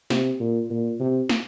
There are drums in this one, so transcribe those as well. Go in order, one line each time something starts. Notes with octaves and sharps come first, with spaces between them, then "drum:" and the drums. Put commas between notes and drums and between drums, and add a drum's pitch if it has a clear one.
C3, drum: snare
A#2
A#2
C3
drum: snare